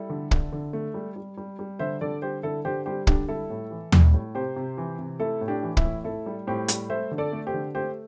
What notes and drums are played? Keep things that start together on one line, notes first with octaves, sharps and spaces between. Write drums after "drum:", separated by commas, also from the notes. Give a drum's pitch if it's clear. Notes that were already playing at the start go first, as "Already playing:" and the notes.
Already playing: G3 E4 A4
D3
D3, drum: kick
D3
A3
G3
G3
G3
G3
D3 C5 E5
D3 A4 D5
G3 G4 C5
D3 E4 A4
D3 G4 C5
G3 G4 C5
D3 D4 G4, drum: kick
G3 E4 A4
A2
E3
G3, drum: tom D#2
A2
C3 G4 C5
C3
E3
C3
A3 E4 A4
A2
D4 G4
E3
E4, drum: kick
A2
A2 E4 A4
G3
A2 G4 C5
G3, drum: hi-hat
A3 C5 E5
D3
A4 D5
A3
G4 C5
D3
A3 G4 C5